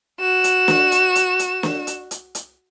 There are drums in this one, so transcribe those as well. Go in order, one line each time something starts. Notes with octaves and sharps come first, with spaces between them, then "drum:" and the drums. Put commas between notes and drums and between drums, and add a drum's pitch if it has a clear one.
F#4 E7
drum: hi-hat
drum: snare
drum: hi-hat
drum: hi-hat
drum: hi-hat
drum: snare
drum: hi-hat
drum: hi-hat
drum: hi-hat